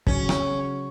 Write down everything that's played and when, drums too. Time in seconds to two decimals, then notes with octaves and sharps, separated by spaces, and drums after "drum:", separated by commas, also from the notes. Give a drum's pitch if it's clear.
0.07 C#3 F#3 C#4, drum: kick
0.29 drum: rim click